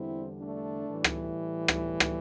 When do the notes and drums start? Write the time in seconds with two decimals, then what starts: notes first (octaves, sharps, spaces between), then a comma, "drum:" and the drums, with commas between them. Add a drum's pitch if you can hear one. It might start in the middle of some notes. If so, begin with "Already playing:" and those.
Already playing: E2 D3 G3 C4 E4
0.40 A3 D4
0.88 A2 E3 G3
1.04 drum: rim click
1.68 drum: rim click
2.00 drum: rim click